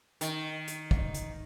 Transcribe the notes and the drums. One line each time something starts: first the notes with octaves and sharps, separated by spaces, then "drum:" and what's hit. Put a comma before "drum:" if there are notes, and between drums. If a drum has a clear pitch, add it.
D#3, drum: hi-hat
drum: hi-hat
drum: kick
drum: hi-hat